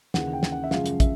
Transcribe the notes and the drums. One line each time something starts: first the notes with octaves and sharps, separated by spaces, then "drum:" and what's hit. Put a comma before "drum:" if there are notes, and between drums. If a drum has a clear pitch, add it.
D#2 C#3 E3 F#5, drum: snare
G5
drum: snare
F#5
E5
F#2 C#3 F3 G#3 F5, drum: snare
drum: hi-hat
E5, drum: kick, hi-hat